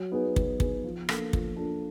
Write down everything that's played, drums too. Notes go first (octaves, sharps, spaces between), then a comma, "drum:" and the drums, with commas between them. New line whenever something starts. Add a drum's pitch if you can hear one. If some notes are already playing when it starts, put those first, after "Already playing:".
Already playing: F#3
B3 D#4 G#4 B4
F#3, drum: kick
B3 D#4 G#4 B4, drum: kick
F3
A#3 D4 F4 A4, drum: rim click
F3, drum: kick
A#3 D4 F4 A4